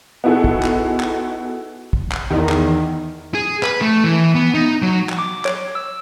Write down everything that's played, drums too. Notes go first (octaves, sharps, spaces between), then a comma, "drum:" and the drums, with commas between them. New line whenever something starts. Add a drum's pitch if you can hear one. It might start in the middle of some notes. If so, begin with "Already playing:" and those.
B3 D#4 E4 F#4 G#4 A4
drum: kick
drum: clap
drum: clap
drum: kick
drum: clap
E2 D#3
drum: clap
G#4
B4, drum: clap
A3
E3
B3
D#4
F#3
drum: clap
D6
C#5, drum: clap
E6